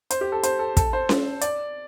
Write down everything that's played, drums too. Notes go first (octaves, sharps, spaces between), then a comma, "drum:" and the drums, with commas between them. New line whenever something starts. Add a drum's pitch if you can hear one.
C5, drum: hi-hat
G4
A4
C5, drum: hi-hat
A4
A4, drum: kick, hi-hat
C5
drum: snare C#4
D5, drum: hi-hat